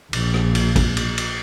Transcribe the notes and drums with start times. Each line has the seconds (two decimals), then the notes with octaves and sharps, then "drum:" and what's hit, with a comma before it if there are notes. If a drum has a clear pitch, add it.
0.13 A#1, drum: cymbal
0.34 drum: rim click
0.55 drum: cymbal
0.76 drum: kick, cymbal
0.97 drum: cymbal
1.18 drum: cymbal